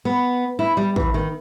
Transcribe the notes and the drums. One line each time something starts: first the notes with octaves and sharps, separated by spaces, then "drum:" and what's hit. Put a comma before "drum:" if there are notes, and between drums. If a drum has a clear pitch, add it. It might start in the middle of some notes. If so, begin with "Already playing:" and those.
B3
E4
G3
E3, drum: kick
D#3